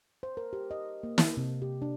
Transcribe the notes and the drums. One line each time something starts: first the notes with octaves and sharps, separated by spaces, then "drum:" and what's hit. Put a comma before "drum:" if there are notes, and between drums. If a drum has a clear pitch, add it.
C5
A#4
G4
D#5
A#3
drum: snare
C3
G4
D4